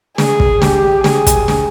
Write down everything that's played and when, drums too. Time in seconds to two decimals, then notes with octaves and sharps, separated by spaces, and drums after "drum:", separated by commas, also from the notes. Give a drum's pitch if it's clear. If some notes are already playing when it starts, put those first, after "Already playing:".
0.18 G#4, drum: snare
0.40 drum: kick
0.62 G4, drum: snare
1.04 G#4, drum: snare
1.26 drum: kick, hi-hat
1.48 drum: snare